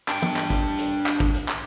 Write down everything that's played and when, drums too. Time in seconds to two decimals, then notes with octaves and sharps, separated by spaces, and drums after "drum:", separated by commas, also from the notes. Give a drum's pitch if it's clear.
0.08 D4 G5, drum: clap
0.22 drum: tom
0.36 drum: clap
0.50 drum: kick, hi-hat
0.78 drum: hi-hat
1.06 drum: clap
1.20 drum: kick
1.34 drum: hi-hat
1.48 drum: clap